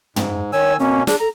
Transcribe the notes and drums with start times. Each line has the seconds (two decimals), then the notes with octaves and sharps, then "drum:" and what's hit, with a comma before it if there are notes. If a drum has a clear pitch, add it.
0.16 G#2, drum: tom
0.53 D#3 C#5 G#5 E6
0.79 B2 A#3 C4 C#4
1.07 D4 G#4, drum: snare
1.20 A4 A#5